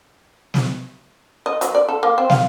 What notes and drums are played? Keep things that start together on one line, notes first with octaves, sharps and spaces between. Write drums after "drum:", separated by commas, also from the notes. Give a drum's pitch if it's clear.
drum: snare
D#5
F#3, drum: hi-hat
D5
A4
A#3
C4
F5, drum: snare